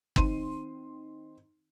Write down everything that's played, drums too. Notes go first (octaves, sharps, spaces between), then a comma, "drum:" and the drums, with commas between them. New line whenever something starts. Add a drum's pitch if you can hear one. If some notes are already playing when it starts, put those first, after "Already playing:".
D#3 C4 C6 D#7, drum: kick